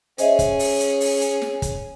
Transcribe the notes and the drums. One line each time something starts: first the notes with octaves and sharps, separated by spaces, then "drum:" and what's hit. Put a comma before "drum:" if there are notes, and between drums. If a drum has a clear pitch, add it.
C#4 G#4 C5 D#5 E5, drum: hi-hat
drum: kick, hi-hat
drum: open hi-hat
drum: hi-hat
drum: open hi-hat
drum: hi-hat
drum: snare
drum: kick, hi-hat